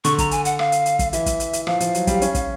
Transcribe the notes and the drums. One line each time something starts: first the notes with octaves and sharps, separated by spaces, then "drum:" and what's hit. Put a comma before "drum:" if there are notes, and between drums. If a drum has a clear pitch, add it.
D3 C#6, drum: hi-hat
A#5, drum: kick, hi-hat
G#5, drum: hi-hat
F#5, drum: hi-hat
F5, drum: rim click
drum: hi-hat
drum: hi-hat
drum: kick, hi-hat
E3 E5, drum: hi-hat
drum: kick, hi-hat
drum: hi-hat
drum: hi-hat
F3 F5, drum: rim click
F3, drum: hi-hat
F#3, drum: hi-hat
G3, drum: kick, hi-hat
C#4, drum: hi-hat
drum: kick, hi-hat